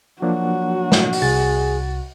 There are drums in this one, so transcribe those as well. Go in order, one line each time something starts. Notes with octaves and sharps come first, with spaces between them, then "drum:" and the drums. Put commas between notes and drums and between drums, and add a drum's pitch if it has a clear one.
F3 F#3 A#3 D4 F#4
drum: snare
drum: open hi-hat
C2 G#4 A6